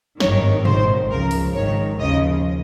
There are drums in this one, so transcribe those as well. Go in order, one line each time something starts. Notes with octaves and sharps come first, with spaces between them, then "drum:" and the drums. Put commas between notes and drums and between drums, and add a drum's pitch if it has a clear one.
G#1 G2 D#3 C#5, drum: snare
G#1 G#2 D#3 C5, drum: tom
C#2 C#3 F3 A#4
drum: open hi-hat
G#1 G#2 D#3 C#5
D#2 C#3 F3 D#5